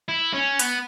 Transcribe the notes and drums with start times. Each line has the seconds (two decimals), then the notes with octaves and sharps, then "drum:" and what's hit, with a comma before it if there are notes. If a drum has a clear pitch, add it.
0.08 E4
0.33 C#4
0.59 B3, drum: hi-hat